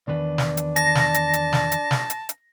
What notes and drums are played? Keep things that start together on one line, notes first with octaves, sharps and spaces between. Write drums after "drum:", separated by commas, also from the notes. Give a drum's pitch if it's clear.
E2 D#3 D4 B4
drum: snare
drum: hi-hat
A5 A#6, drum: hi-hat
drum: snare
drum: hi-hat
drum: hi-hat
drum: snare
drum: hi-hat
drum: snare
drum: hi-hat
drum: hi-hat